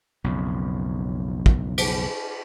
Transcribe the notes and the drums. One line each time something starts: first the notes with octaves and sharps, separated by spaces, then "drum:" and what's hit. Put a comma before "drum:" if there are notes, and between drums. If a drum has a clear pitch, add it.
B1 F2 C#3
drum: kick
drum: cymbal